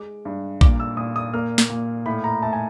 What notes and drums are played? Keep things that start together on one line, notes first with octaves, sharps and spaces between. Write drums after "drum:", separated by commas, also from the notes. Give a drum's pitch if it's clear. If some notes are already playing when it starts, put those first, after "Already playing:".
Already playing: G#3 D6
G2
A#2 D6, drum: kick
E6
A#2 D#6
D#6
A#3 F6
drum: snare
A#2
A2 B5
A#5
A3 A5
G#5